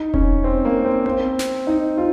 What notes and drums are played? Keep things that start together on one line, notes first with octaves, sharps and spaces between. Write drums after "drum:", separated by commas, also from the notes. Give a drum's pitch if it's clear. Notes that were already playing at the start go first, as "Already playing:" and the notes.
Already playing: D#4
C#4, drum: kick E1
C4
A#3
C4
C4, drum: tom B3
drum: snare
D#4
F4